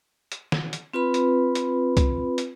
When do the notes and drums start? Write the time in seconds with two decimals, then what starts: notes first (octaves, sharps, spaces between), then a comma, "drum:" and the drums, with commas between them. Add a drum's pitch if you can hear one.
0.32 drum: hi-hat
0.52 drum: snare
0.73 drum: hi-hat
0.94 C4 F4 B4 B5
1.14 drum: hi-hat
1.55 drum: hi-hat
1.97 drum: kick C2, hi-hat
2.38 drum: hi-hat